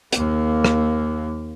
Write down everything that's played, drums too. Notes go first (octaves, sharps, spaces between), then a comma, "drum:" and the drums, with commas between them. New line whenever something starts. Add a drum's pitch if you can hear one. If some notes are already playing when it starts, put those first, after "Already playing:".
D#2 A#3, drum: hi-hat
drum: rim click